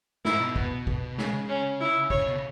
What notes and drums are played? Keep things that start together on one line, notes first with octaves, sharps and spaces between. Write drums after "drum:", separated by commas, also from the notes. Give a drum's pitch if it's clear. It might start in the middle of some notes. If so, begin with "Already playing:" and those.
G#2 E4, drum: snare
B2
B3, drum: kick G#1
drum: kick G#1
C#3 G#3, drum: snare
C#3
C#4
E4
C#3 C#5, drum: kick G#1
B2
C#3